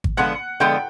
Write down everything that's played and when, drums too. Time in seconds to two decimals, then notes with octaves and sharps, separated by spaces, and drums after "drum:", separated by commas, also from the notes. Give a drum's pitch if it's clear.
0.04 drum: kick G#1
0.17 D3 F3 G#3 B3 F#5 F#6
0.60 D3 F3 G#3 B3 G5 G6